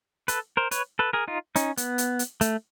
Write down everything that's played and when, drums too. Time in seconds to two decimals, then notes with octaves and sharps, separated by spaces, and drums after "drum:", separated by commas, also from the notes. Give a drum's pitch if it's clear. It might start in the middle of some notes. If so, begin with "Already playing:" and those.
0.28 A4 B4, drum: hi-hat
0.57 A#4 C5
0.71 B4 C#5, drum: hi-hat
0.99 A4 B4
1.13 G#4 A#4
1.28 D#4 F4
1.56 C#4 D#4, drum: hi-hat
1.77 B3, drum: hi-hat
1.98 drum: hi-hat
2.19 drum: hi-hat
2.41 A3, drum: hi-hat